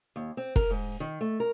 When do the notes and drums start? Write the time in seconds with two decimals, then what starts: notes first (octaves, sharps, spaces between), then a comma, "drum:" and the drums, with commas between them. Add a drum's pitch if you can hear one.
0.16 D#2
0.37 C4
0.56 A#4, drum: kick F1
0.70 G#2
1.00 D#3
1.21 A3
1.40 A#4